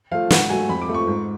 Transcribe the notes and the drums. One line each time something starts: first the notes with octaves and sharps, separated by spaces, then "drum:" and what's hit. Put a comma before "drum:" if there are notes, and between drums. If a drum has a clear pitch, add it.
F3 A3 F5
G#2 F#5, drum: snare
F#3 A3 G#5
F2 B5
D6
F3 A3
C#6
G#2